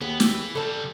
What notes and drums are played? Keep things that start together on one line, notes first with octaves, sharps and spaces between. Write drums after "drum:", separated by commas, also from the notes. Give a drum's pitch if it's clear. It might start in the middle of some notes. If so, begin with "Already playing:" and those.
D#2 B3 G#4
E3, drum: snare
C#3 G3 A4 A5